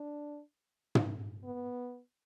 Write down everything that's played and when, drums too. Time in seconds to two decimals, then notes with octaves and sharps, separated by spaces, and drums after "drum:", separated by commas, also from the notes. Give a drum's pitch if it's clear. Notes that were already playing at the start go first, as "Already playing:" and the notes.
Already playing: D4
0.95 drum: tom
1.44 B3